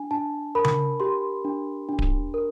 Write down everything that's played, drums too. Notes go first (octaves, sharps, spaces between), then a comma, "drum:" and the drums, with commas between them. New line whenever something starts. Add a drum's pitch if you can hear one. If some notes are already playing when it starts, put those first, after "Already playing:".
Already playing: D4 G#5
D4 A5
A#4 B5
drum: tom C#3
G4 C6
D4
D4
drum: kick D1
A#4